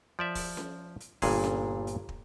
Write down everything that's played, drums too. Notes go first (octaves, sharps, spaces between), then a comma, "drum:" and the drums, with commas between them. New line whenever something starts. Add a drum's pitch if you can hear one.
F3 D5 E5
drum: kick, open hi-hat
drum: snare C#4
drum: hi-hat
G1 G2 A#2 G#4, drum: kick, open hi-hat
drum: snare C#4
drum: hi-hat
drum: kick